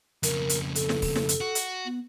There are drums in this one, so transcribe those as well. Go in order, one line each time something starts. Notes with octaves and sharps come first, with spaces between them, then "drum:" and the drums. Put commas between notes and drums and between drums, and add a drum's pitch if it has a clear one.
F2 C#3 A#4, drum: hi-hat
drum: hi-hat
A4, drum: hi-hat
drum: snare
drum: kick, open hi-hat
drum: snare
drum: hi-hat
F#4
drum: hi-hat
B3